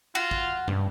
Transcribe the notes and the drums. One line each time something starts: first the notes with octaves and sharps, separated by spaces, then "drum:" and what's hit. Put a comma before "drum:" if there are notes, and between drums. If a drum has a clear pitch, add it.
F4 F#4
drum: kick
G2, drum: tom